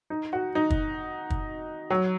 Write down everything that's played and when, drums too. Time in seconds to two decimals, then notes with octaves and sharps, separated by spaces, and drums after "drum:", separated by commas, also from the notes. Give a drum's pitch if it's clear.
0.10 D#4
0.33 F#4
0.55 D#4
0.70 drum: kick
1.30 drum: kick
1.90 F#3